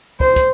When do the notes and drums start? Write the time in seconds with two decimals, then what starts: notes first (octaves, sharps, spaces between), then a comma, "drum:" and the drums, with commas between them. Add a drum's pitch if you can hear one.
0.20 C5, drum: kick
0.36 drum: kick, hi-hat